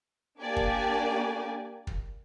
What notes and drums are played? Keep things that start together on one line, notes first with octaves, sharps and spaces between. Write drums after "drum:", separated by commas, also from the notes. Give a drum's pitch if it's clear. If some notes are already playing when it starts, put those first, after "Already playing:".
A#3 D4 G4 D5 G#5
drum: kick
drum: kick